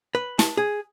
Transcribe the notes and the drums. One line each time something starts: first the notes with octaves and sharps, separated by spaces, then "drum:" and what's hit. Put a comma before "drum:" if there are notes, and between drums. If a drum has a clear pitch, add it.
B4
A5, drum: snare
G#4